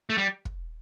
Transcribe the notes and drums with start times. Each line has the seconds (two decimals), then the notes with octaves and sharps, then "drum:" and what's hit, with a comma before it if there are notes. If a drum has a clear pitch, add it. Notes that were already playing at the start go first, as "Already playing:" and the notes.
0.10 A3
0.18 G3
0.45 drum: kick